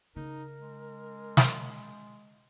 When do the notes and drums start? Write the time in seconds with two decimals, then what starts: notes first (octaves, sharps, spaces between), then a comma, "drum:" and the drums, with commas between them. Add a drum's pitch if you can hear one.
0.16 C#3 D#4 A#4
0.59 G#3
1.37 drum: snare